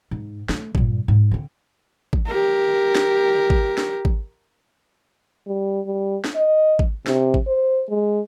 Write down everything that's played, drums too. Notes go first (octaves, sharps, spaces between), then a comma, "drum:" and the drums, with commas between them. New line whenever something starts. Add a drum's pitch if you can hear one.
G#2
A3, drum: snare
G2 A#2, drum: kick G#1
G#2
D3 C4
drum: kick G#1
G4 A#4
drum: snare
drum: kick G#1
drum: snare
drum: kick G#1
G3
G3
drum: snare
D#5
drum: kick G#1
C3, drum: snare
drum: kick G#1
C5
G#3